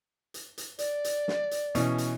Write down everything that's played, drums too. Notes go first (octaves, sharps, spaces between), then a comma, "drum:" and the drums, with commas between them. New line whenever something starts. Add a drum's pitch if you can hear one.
drum: hi-hat
drum: hi-hat
D5, drum: hi-hat
drum: hi-hat
drum: snare
drum: hi-hat
B2 E3 C#4, drum: hi-hat
drum: hi-hat